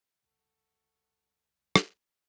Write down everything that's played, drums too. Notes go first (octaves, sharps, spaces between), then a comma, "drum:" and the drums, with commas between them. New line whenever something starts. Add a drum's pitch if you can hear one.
C2 F2 C#3 F#4 A4
drum: rim click